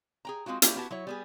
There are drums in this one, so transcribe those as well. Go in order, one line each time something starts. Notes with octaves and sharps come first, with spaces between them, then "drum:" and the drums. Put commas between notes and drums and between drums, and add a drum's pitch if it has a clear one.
G#4 G5 A#5
G#3 C4 F4 F#4
A#3 C#4 E4 G4, drum: hi-hat
B3 E4 F#4 G4 A5
F#3 E4 C#5
G3 B3 G#4